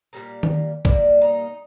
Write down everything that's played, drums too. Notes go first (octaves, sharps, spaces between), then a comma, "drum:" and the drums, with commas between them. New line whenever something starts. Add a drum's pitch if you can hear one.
A#2 G3 A#3
drum: tom D#3
A#2 G3 A#3 D5, drum: kick
D#4